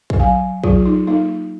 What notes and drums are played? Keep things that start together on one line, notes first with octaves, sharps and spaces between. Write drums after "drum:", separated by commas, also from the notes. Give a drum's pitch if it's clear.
drum: kick
F#3 F5 G#5
F#3 F4 G#4, drum: kick
D#4
A#3 D#4